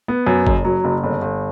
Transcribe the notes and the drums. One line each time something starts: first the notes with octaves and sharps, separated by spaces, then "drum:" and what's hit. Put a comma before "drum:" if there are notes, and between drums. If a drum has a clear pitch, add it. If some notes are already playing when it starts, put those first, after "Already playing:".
B3
F#2
F#1, drum: kick G1
F#3
F#1
G1
G1